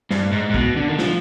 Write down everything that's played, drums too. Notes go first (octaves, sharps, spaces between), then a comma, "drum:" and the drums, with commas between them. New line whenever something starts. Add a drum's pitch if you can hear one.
G2, drum: snare
G#2
G#2
B2, drum: kick
D3
D#3
F3, drum: snare